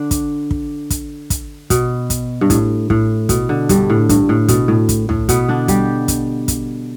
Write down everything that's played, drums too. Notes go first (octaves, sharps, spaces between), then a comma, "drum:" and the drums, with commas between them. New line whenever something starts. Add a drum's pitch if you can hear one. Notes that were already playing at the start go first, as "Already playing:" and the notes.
Already playing: D3 D4
drum: kick, hi-hat
drum: kick
drum: kick, hi-hat
drum: kick, hi-hat
B2, drum: kick, hi-hat
drum: kick, hi-hat
G2
A2, drum: kick, hi-hat
A2, drum: kick
B2, drum: kick, hi-hat
D3
G2 G3, drum: kick, hi-hat
A2
G2, drum: kick, hi-hat
A2
B2, drum: kick, hi-hat
A2
drum: kick, hi-hat
A2, drum: tom
B2 B3, drum: kick, hi-hat
D3 D4
G3 G4, drum: kick, hi-hat
drum: kick, hi-hat
drum: kick, hi-hat